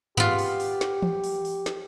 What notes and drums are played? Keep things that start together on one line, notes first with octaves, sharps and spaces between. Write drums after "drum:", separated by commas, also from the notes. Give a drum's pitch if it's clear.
B3 F4 G4, drum: tom G2
drum: open hi-hat
drum: open hi-hat
drum: snare
drum: tom E3
drum: open hi-hat
drum: open hi-hat
drum: snare